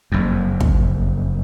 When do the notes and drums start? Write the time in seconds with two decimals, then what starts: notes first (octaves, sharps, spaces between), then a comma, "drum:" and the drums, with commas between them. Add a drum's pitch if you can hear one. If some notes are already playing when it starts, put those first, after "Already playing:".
0.12 F#1 F2
0.60 drum: kick